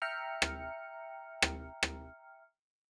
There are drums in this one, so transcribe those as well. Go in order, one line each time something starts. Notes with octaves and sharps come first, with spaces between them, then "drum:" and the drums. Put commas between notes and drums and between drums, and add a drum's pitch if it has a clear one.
E5 G5 A#5 F6 C#7
drum: rim click
drum: rim click
drum: rim click